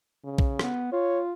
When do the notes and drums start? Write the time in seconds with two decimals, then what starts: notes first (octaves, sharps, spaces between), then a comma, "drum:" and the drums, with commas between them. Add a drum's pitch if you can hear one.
0.24 C#3
0.38 drum: kick A#1
0.59 B3, drum: rim click
0.92 F4 C#5